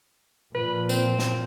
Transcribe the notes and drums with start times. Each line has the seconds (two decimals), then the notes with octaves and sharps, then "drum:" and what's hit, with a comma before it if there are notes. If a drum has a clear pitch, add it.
0.55 A#2 F3 B4
0.89 C4, drum: tambourine
1.19 drum: snare